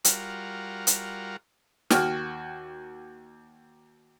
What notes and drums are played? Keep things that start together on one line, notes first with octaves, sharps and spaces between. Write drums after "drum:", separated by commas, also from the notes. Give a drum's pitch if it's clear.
G3 F4 F#4 A#4, drum: hi-hat
drum: hi-hat
D#2 F#4 G5 F6, drum: snare